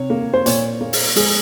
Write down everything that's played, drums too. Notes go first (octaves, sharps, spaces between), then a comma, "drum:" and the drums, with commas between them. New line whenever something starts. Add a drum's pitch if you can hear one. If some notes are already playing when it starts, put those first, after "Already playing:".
Already playing: C3 C#5
A#3
C5
A#2 C#5, drum: hi-hat
A#3
drum: open hi-hat
G#3 G#4, drum: open hi-hat